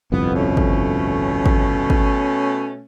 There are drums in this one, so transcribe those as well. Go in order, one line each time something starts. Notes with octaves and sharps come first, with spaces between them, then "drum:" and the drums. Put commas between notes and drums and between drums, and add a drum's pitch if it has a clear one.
G1 C2 F2 B3
B2 A3 C#4
drum: kick G#1
drum: kick G#1
drum: kick G#1